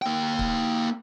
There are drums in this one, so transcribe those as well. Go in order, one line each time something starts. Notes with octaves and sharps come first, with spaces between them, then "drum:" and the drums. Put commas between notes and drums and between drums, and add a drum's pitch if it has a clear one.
A#3 G5
drum: kick C#1